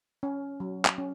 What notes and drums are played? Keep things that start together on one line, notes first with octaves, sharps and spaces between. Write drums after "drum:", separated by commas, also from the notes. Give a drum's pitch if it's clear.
C#4
F#3
drum: clap
C#4